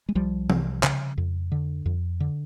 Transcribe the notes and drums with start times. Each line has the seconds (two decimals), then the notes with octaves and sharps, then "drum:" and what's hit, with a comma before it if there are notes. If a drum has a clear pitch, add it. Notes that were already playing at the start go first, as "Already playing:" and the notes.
0.09 G#3
0.15 C2 F3 G3
0.50 C3, drum: tom E3
0.83 C#3, drum: clap
1.18 F2
1.52 D3
1.86 F2
2.20 D3